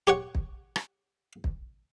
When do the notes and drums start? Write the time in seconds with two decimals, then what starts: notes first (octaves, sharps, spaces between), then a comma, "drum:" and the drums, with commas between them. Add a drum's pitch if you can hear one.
0.07 G4 C#5 F#5
0.35 drum: kick
0.76 drum: rim click
1.44 drum: kick